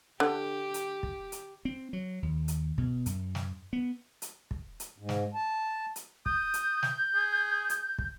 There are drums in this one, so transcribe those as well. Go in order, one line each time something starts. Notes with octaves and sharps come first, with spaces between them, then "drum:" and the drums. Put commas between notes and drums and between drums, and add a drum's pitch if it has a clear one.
D3 G4
drum: hi-hat
drum: kick
drum: hi-hat
C4
F#3
D#2
drum: hi-hat
B2, drum: kick
F#2, drum: hi-hat
drum: snare
B3
drum: hi-hat
drum: kick
drum: hi-hat
G#2
drum: snare
A5
drum: hi-hat
D#6 G6, drum: kick
drum: hi-hat
drum: snare
G#4
drum: hi-hat
drum: kick